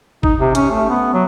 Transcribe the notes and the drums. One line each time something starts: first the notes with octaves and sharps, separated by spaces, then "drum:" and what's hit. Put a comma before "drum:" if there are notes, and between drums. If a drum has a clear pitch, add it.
D#4, drum: kick
C3
C#4, drum: hi-hat
A3
B3
F#3